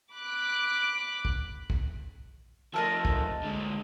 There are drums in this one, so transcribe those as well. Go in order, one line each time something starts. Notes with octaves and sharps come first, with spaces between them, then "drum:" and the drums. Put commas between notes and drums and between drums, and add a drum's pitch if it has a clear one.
B5 D6 F#6
drum: kick
drum: kick
F3 A3 A4 A#4 D#5
drum: kick
D3 G#3